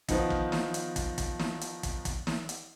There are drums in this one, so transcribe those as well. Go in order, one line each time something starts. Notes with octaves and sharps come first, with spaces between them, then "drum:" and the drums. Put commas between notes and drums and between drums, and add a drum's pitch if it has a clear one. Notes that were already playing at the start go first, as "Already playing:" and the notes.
D#3 F3 B3 D#4, drum: kick, hi-hat
drum: kick
drum: snare
drum: hi-hat
drum: kick, hi-hat
drum: kick, hi-hat
drum: snare
drum: hi-hat
drum: kick, hi-hat
drum: kick, hi-hat
drum: snare
drum: hi-hat